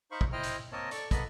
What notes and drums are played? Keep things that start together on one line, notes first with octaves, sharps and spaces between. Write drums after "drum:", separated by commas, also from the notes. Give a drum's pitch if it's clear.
D#4 C5 F5 B5 C#6
drum: kick
E4 C5 D#5 G5 F6
drum: hi-hat
A#3 C4 A#4 C#5 D#5 A5
A4 D5 C#6, drum: hi-hat
A#3 B3 A4 D#5 B5, drum: kick, hi-hat